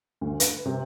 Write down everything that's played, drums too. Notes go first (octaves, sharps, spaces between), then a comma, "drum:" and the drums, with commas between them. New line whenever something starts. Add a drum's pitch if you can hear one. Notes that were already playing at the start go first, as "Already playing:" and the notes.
D2
B4, drum: hi-hat
C3